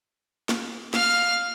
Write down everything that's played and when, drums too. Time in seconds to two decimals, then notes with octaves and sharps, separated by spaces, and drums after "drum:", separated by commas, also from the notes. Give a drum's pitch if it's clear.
0.49 drum: snare
0.94 F5 F6, drum: snare